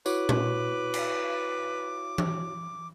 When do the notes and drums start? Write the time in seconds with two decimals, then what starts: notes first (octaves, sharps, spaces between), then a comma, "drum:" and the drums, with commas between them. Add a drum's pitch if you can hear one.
0.06 E4 F#4 B4 C#5 D6, drum: tambourine
0.29 drum: tom A#2
0.94 drum: cymbal
2.18 drum: tom E3